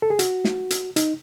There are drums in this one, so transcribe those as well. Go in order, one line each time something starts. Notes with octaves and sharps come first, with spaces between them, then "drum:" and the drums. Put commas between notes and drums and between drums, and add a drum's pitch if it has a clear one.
A4
G#4
F#4, drum: hi-hat
drum: snare
drum: hi-hat
D#4, drum: hi-hat